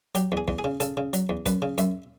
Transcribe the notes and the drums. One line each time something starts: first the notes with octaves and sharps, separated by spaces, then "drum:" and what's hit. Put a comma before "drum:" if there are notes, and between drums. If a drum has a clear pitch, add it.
F#3 G4, drum: hi-hat
E2
G#4
E2, drum: kick
G#4
C#3
C#3 A4, drum: hi-hat
C#3
F#3, drum: hi-hat
E2
F#2 B4, drum: kick, hi-hat
C#3
F#2 E5, drum: hi-hat